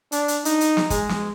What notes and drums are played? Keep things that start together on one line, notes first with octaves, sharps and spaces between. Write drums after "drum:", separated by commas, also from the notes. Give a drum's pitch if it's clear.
D4, drum: hi-hat
drum: hi-hat
D#4, drum: hi-hat
drum: hi-hat
drum: snare
G#3, drum: kick, hi-hat
drum: snare